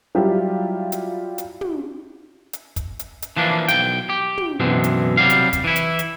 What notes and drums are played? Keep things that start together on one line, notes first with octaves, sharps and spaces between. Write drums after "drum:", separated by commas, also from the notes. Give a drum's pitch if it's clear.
F#3 G3 E4 F4 G4
drum: hi-hat
drum: hi-hat
drum: tom
drum: hi-hat
drum: kick, hi-hat
drum: hi-hat
drum: hi-hat
E3 F3 A#3 D4
B1 G5, drum: hi-hat
G4
drum: tom
F#2 B2 D3 E3 C4
drum: hi-hat
C3 F#3 G3 F5
drum: hi-hat
drum: kick, hi-hat
E3 E4
drum: hi-hat
drum: hi-hat